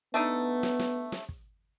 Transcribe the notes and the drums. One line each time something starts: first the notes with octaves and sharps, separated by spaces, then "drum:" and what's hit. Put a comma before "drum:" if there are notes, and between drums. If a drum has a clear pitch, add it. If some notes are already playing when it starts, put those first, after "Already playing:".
A3 B3 D4 D#4
drum: snare
drum: snare
drum: snare
drum: kick